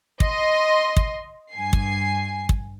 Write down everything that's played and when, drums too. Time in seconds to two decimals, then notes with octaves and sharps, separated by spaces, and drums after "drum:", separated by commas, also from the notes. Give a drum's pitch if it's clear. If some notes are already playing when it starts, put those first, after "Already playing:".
0.20 D#5 C6, drum: kick
0.96 drum: kick
1.54 G2 G#5 C7
1.73 drum: kick
2.49 drum: kick